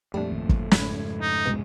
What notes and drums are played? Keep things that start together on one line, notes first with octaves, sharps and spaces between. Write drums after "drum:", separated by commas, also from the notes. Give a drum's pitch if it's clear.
F2 A#2 G3 A3 D4
G#1
drum: kick G1
F2 G#2 C#3 B5 G#6, drum: snare
D#4
C2 B2 G#3